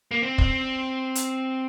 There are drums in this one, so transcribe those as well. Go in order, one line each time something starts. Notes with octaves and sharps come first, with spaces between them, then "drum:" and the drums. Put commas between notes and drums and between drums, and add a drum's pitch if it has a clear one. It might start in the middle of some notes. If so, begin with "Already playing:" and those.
A#3
C4
drum: kick
drum: hi-hat